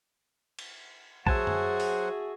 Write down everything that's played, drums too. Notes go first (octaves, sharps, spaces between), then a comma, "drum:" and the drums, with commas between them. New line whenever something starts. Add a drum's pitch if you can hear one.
drum: cymbal
F#3 F#4 G#4 C5 E5 F#5 G#5 A5, drum: kick A#1
drum: tom F#2
drum: open hi-hat